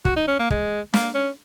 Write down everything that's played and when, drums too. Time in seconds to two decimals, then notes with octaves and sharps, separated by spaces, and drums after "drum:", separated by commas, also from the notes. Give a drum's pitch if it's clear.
0.05 F#4, drum: kick
0.16 D#4
0.28 C#4
0.39 A#3
0.50 G#3, drum: kick
0.94 A#3, drum: snare
1.14 C#4